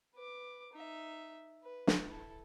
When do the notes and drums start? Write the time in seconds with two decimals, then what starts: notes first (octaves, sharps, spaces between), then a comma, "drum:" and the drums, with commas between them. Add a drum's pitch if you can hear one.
0.15 B4 D6
0.73 D#4 E5
1.63 B4
1.87 drum: snare
2.07 E4 A4